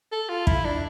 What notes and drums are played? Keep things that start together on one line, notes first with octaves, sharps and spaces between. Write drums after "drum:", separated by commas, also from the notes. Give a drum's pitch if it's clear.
A4
F4
E4, drum: kick
D4